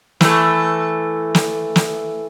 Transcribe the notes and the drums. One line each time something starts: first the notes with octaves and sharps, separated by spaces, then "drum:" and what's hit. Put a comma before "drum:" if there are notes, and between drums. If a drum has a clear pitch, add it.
E3 A3, drum: snare
drum: snare
drum: snare